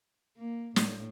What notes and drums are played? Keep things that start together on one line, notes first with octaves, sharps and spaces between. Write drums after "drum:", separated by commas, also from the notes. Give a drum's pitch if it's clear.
A#3
A2, drum: snare